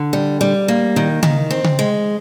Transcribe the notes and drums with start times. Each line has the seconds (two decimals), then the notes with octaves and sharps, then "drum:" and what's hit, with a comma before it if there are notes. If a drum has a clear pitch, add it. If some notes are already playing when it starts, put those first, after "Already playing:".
Already playing: D3
0.13 G3
0.41 G3
0.68 A#3
0.96 D#3
1.23 D#3, drum: tom C#3
1.50 C4
1.64 drum: tom C#3
1.79 G#3